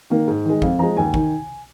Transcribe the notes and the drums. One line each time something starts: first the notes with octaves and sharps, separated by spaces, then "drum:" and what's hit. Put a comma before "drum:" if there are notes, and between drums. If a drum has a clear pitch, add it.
D#3 A#3
G#2
D#3 G#3
F2 F5, drum: kick
F3 G#3 A#5
D#2 G#5
D#3, drum: kick